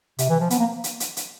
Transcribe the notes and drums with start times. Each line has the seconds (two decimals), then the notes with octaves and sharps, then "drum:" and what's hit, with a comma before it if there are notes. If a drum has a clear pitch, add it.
0.19 C3, drum: hi-hat
0.29 E3
0.40 F3
0.50 B3, drum: hi-hat
0.59 A#3
0.84 drum: hi-hat
1.00 drum: hi-hat
1.17 drum: hi-hat